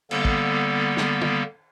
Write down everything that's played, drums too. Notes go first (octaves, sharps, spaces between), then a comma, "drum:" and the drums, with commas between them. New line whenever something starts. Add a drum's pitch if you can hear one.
D3 G3 A#3 B3 A4, drum: cymbal
drum: kick
drum: snare
drum: tom